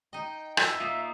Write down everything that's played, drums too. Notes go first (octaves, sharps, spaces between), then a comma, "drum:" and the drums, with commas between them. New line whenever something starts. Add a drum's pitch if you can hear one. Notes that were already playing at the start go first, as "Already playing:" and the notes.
D#4 D#5 G5
E5, drum: rim click
A#3 D#4 F4 D#6